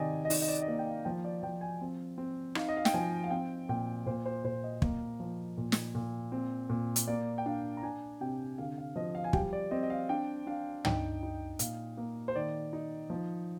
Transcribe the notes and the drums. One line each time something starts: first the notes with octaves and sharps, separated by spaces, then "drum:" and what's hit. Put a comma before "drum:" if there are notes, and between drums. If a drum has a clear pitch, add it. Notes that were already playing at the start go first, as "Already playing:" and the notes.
Already playing: C3 D#3 D5 D#5 G#5
D#5
D#4 D5, drum: open hi-hat
D#5
D5
D#5
A#3 D5
G5
F5
F3 G5
D5
F3 G5
G#5
C4
C4
D#4 F5, drum: rim click
D#5
F5
G5, drum: snare
F3 G#5
F5
C4 G5
A#2 G5
A#2 C5
C5
A#2 C5
D#5
A#3, drum: kick
F3
A#2
drum: snare
A#2
C4
A#2
drum: hi-hat
A#3 D5
G5
D4 F5
A#5
D4 G#5
C3 G5
D3 F5
F5
F3 D#5
F5
G#5
G3 G5, drum: kick
D5
C4 D#5
D#5
F5
D4 G5
D4 F5
D#4 G5, drum: tom
D#4
A#2 F5, drum: hi-hat
A#3
C5
D#3 D5
D#4
F3